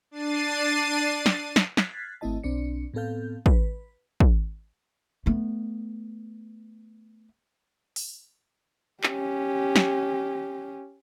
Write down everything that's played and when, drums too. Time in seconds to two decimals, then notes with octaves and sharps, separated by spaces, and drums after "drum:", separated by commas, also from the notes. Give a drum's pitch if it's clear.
0.11 D4 A6 C7 D#7
1.26 drum: snare
1.56 drum: snare
1.77 F6 F#6 G#6 A6 B6 C7, drum: snare
2.21 G#1 A3 C4 E4 D#5 A5
2.43 B1 C4 D4 D5 C#7
2.94 A2 B3 C4 A4 F5 G6
3.46 B4, drum: kick
4.20 drum: kick
5.26 A3 B3
7.96 drum: open hi-hat
9.04 C#4 G4, drum: clap
9.76 drum: snare